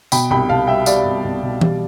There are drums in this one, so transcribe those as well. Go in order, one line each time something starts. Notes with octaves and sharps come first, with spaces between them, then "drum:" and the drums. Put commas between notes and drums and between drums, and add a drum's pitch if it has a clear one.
B2 G5 B5, drum: tambourine
C2 G5 B5
C2 F5 A5
G3 E5 G5
G3 D5 F5, drum: tambourine
C2
C2
B2
G3, drum: tom E3